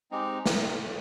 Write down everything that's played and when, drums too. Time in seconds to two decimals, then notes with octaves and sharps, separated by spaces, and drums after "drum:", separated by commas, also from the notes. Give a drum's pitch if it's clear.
0.11 G#3 C4 D#4 G4
0.46 drum: snare